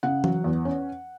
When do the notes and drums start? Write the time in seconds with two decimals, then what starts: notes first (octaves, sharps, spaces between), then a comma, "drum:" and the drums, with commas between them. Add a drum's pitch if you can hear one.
0.03 C#3 F#5
0.24 F#3, drum: tom E3
0.44 E2
0.65 C#4